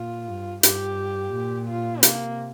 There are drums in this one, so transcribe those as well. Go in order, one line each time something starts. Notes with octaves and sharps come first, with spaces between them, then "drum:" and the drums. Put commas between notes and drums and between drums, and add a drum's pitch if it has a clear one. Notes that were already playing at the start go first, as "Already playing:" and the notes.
Already playing: A#2 F4
G2
G2 G4, drum: hi-hat
A#2
F4
C3 A#3, drum: hi-hat